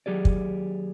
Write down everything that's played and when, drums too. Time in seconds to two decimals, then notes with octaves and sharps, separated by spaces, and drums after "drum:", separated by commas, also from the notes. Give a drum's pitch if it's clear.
0.06 D#2 F#3 G4 G#4 D5
0.25 drum: kick